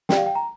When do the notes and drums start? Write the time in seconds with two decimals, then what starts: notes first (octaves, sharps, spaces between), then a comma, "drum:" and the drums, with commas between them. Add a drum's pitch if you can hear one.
0.09 G4 D5 G5, drum: snare
0.17 F5
0.26 G5
0.36 A#5